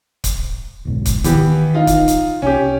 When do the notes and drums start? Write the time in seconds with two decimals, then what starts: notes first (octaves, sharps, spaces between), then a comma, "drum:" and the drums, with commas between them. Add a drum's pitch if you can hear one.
0.24 drum: kick C#1, hi-hat
0.85 D1 B1 G#2
1.06 drum: kick C#1, hi-hat
1.24 D#3 E3 B3 G4, drum: hi-hat
1.74 D#4 F4
1.87 drum: kick C#1, hi-hat
2.08 drum: hi-hat
2.42 C2 C#4 G4